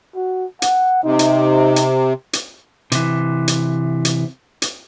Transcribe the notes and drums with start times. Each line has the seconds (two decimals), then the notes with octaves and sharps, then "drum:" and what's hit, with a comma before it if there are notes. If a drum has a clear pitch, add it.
0.15 F#4
0.62 F#5, drum: hi-hat
1.04 C3 D#4
1.19 drum: hi-hat
1.76 drum: hi-hat
2.33 drum: hi-hat
2.92 C3 E3, drum: hi-hat
3.48 drum: hi-hat
4.05 drum: hi-hat
4.62 drum: hi-hat